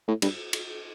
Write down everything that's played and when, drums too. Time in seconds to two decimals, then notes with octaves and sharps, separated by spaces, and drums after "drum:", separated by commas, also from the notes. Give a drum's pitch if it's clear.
0.08 A2
0.22 G2, drum: cymbal
0.53 drum: cymbal